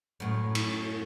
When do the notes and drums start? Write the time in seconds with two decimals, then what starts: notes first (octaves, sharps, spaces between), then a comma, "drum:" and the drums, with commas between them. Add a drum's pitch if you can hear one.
0.20 F#2 A2
0.55 drum: cymbal